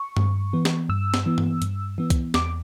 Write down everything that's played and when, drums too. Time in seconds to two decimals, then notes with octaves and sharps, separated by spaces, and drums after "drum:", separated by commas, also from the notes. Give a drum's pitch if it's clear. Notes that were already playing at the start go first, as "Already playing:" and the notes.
Already playing: C#6
0.17 G2, drum: tom G2
0.53 E3 B3
0.65 drum: snare
0.89 G2 E6
1.14 drum: snare
1.26 E3 B3
1.38 drum: tom G2
1.62 G2, drum: hi-hat
1.98 E3 B3
2.10 drum: kick C2, hi-hat
2.34 E2 D6, drum: snare